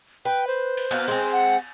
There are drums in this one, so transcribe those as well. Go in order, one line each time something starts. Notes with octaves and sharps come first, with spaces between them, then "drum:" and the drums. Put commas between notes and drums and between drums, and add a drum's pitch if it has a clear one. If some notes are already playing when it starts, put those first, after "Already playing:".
B4 G5
C5
drum: open hi-hat
B3 F#4 F5, drum: cymbal
G#3 C4
F#5